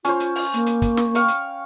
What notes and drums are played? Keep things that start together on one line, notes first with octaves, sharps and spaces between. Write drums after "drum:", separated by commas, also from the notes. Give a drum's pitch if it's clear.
C#4 F4 C5, drum: hi-hat
drum: hi-hat
drum: open hi-hat
A#3, drum: hi-hat
drum: hi-hat
drum: kick, hi-hat
drum: snare
F5 G5 C#6, drum: hi-hat
drum: hi-hat